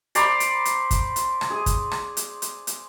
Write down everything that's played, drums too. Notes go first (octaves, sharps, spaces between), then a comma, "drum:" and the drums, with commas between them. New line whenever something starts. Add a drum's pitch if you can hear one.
C5 D5 A#5 B5, drum: hi-hat
drum: hi-hat
drum: hi-hat
drum: kick, hi-hat
drum: hi-hat
drum: rim click
G#4
drum: kick, hi-hat
drum: rim click
drum: hi-hat
drum: hi-hat
drum: hi-hat